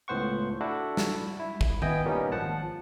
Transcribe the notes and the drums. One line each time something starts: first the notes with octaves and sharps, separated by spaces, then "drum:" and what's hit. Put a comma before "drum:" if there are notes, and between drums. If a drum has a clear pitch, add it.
C#2 A2 B3 C5 F#5 C#6
D4 E4 F#4 A4
drum: snare
E4
drum: kick
B3 E4 D#5 G5 G#5, drum: tom D#3
A#2 G3 A#3 B3 C#4 D#4
G#1 F3 F#5 A5